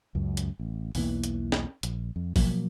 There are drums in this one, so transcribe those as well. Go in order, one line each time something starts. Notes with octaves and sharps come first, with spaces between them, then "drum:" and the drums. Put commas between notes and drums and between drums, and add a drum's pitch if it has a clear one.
C#2 F#2
drum: hi-hat
A1
B1 E2 E3 A#3, drum: open hi-hat
drum: hi-hat
drum: snare
A#1, drum: hi-hat
F2
B2 F3 F#3 A#3, drum: kick, open hi-hat